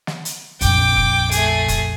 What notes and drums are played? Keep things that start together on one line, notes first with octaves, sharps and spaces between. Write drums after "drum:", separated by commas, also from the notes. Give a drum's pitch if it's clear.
drum: snare
drum: hi-hat
A#1 F2 G5 D6, drum: hi-hat
drum: kick E1
A3 G#4, drum: hi-hat
drum: kick E1, hi-hat